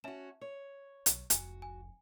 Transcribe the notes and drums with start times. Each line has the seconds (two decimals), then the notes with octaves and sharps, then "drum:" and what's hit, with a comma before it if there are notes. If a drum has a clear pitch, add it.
0.04 C#4 F#4 E5 A5 E7
0.41 C#5
1.06 B1, drum: hi-hat
1.30 F1 C#2 F#4 G#5, drum: hi-hat
1.62 G#5